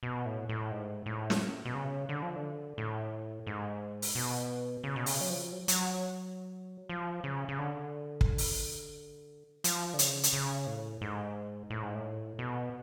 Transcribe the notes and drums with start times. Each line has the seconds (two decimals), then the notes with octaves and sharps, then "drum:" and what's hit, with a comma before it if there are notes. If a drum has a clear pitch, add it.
0.03 B2
0.26 A2
0.49 A2
0.72 G#2
1.06 A2
1.30 drum: snare
1.65 B2
1.75 C#3
2.09 D3
2.23 F3
2.36 D3
2.78 A2
3.47 G#2
4.02 drum: open hi-hat
4.15 B2
4.84 C#3
4.96 B2
5.06 C#3, drum: open hi-hat
5.21 F#3
5.30 F3
5.52 F#3
5.68 F#3, drum: hi-hat
6.89 F3
7.24 C#3
7.49 C#3
7.58 D3
8.21 drum: kick
8.38 drum: open hi-hat
9.64 F3, drum: hi-hat
9.94 D3
9.99 C#3, drum: hi-hat
10.23 drum: hi-hat
10.33 C#3
10.67 A2
11.01 G#2
11.70 A2
11.83 G#2
11.95 A2
12.39 B2